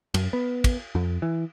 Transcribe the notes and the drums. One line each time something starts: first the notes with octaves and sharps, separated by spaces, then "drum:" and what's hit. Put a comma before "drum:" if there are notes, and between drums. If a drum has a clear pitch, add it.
F#2, drum: cymbal
B3
drum: kick, cymbal
F2
E3